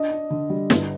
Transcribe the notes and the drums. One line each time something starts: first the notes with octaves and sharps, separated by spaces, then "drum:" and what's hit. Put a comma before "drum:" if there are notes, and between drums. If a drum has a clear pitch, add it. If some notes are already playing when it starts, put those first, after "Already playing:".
Already playing: D4 D#5
D4
D3
G3
G1, drum: snare